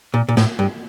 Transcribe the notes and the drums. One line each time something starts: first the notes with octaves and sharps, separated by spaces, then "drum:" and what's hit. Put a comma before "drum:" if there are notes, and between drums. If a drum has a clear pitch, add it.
A#2
A#2
A2, drum: snare A#3
G2